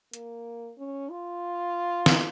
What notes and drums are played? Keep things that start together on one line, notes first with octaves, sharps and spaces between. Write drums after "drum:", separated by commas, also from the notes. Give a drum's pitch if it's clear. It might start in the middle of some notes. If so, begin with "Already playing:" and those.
A#3, drum: hi-hat
C#4
F4
drum: snare